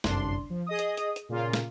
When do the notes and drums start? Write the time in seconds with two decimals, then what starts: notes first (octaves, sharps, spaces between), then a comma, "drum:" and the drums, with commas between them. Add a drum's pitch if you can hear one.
0.04 G1 C2 F#2 D4 C6, drum: snare
0.50 F3
0.66 G#4 D#5 D#6
0.79 drum: hi-hat
0.97 drum: hi-hat
1.16 drum: hi-hat
1.29 A#2 C#3 A#3 F4
1.53 drum: snare